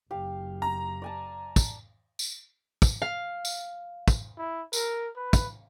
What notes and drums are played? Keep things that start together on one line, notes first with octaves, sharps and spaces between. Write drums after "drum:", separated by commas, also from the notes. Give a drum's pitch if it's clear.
F#1 G4 F5
A#5
D5 G#5 A5
drum: kick, tambourine
drum: tambourine
drum: kick, tambourine
F5
drum: tambourine
drum: kick, tambourine
E4
A#4, drum: tambourine
B4
drum: kick, tambourine